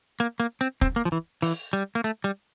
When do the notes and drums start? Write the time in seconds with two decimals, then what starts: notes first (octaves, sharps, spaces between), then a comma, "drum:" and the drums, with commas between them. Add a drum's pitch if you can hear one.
0.20 A#3
0.40 A#3
0.61 C4
0.81 C4, drum: kick
0.96 A#3
1.05 F3
1.12 E3
1.42 E3, drum: open hi-hat
1.73 G3
1.95 A#3
2.04 A3
2.24 G3